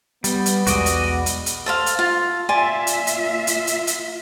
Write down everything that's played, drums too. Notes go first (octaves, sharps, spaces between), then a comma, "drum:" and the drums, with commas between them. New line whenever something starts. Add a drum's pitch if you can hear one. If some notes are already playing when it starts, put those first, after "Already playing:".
G3 B3, drum: hi-hat
drum: hi-hat
B1 E2 G#3 F#4 D5 D#5, drum: hi-hat
drum: hi-hat
drum: hi-hat
drum: hi-hat
A4 C5 F5
drum: hi-hat
F4
A#3 F4 D5 E5 G#5 C6
drum: hi-hat
drum: hi-hat
drum: hi-hat
drum: hi-hat
drum: hi-hat